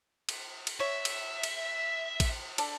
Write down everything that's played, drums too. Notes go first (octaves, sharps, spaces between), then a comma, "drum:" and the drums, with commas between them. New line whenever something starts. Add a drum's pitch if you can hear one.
drum: cymbal
drum: cymbal
C#5 E5
drum: cymbal
drum: cymbal
drum: kick A1, cymbal
D4 A4, drum: cymbal